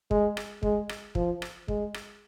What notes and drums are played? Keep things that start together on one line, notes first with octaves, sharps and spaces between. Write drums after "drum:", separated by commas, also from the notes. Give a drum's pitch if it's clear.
G#3, drum: kick
drum: rim click
G#3, drum: kick
drum: rim click
F3, drum: kick
drum: rim click
G#3, drum: kick
drum: rim click